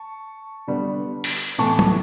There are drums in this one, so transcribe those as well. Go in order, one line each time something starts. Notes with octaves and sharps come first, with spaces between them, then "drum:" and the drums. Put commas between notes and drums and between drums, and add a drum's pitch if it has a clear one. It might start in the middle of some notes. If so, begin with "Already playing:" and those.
Already playing: A5 C#6
D3 G3 B3
drum: open hi-hat
A2 E3 B3 A5 C#6
drum: tom F#3